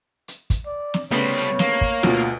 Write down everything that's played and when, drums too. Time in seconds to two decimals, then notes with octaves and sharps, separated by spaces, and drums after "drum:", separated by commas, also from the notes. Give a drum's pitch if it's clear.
0.28 drum: hi-hat
0.50 drum: kick, hi-hat
0.66 D5
0.94 drum: snare
1.11 C#3 G3 A3 B3 C4 C#5
1.38 drum: hi-hat
1.59 A#3, drum: snare
1.81 drum: kick
2.03 D2 B2 F4, drum: snare